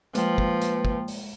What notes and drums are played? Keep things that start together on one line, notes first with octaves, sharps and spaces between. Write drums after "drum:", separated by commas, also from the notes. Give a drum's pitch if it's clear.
F3 G#3 A#3 B4 G5, drum: hi-hat
drum: kick
drum: hi-hat
drum: kick
drum: open hi-hat